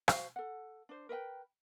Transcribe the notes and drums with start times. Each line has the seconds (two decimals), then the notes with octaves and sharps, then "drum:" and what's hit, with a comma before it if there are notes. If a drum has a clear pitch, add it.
0.08 F#4 C5 F5, drum: rim click
0.36 A4 F#5
0.89 D4 C5
1.09 A#4 B4 E5 G5